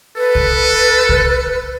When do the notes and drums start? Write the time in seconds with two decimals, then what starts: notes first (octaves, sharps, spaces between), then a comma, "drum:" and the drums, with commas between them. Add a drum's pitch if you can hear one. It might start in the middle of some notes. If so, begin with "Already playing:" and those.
0.17 A4 B4
0.35 drum: kick C2
1.09 drum: kick C2